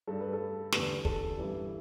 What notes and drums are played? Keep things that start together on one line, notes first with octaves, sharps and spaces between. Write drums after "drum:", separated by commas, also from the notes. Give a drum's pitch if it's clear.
G2 G3 A4
B4
A4
E2 D3 G3 B4, drum: snare
A4, drum: kick
G2 E3 G3